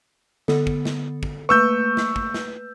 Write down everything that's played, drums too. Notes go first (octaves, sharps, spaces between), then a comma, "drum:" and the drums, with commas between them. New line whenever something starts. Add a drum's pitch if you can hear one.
D3 B3 A4, drum: snare
drum: kick
drum: snare
drum: kick
A3 A#3 B4 C#6 E6 G6
drum: snare
drum: kick
drum: snare